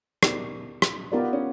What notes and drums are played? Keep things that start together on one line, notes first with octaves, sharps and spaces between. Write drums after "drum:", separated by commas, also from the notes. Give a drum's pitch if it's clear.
B3 D#4 G4 A#4 D5, drum: rim click
drum: rim click
B3 D#4 F4 G4 A#4 D5
C#4